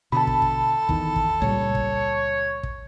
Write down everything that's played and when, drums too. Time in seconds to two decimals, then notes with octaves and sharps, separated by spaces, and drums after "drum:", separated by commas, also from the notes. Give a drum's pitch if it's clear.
0.12 B2 D3 A4 A5 B5
0.27 drum: kick
0.42 drum: kick
0.89 E2 D#3, drum: kick
1.16 drum: kick
1.42 C#2 A#2 G3 C#5
1.75 drum: kick
2.63 drum: kick